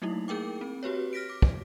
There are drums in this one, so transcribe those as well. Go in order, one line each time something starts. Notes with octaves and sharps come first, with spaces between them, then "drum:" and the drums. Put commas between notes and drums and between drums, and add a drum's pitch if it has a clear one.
F#3 A3 A#3 D#4 E4
G#4 A#4 G5 D6
C4
F#4 G4 B4 C#5
F6 A#6 B6 D7
D6
drum: kick